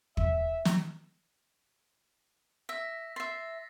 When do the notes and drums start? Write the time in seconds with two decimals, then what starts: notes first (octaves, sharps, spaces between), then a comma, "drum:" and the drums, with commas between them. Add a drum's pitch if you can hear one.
0.17 E5, drum: kick
0.65 drum: snare
2.69 E5 A#6 B6
3.16 E5 C6 A6 B6 C7